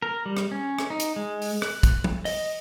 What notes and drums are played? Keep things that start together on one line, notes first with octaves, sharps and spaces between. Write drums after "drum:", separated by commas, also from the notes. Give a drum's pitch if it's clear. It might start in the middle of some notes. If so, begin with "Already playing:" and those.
A#4
G3
drum: rim click
C#4
drum: rim click
D#4
drum: hi-hat
G#3
drum: open hi-hat
F#6, drum: rim click
drum: kick, hi-hat
drum: tom
D#5, drum: open hi-hat